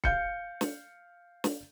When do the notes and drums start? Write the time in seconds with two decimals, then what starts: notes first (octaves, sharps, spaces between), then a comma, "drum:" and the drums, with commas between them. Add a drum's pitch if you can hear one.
0.04 F5 G6 C#7, drum: kick C#1
0.61 drum: snare
1.44 drum: snare